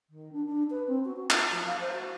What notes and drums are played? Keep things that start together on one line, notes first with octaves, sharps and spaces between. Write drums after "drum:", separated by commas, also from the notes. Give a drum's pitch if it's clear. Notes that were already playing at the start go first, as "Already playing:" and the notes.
D#3
D4
D4
B4
C4
F#4
F#4
F4, drum: clap
F3
F5
C5
F#4